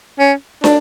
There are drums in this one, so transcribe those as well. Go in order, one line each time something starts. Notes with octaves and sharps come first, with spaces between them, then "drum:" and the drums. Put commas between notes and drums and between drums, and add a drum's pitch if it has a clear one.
C#4
D4, drum: snare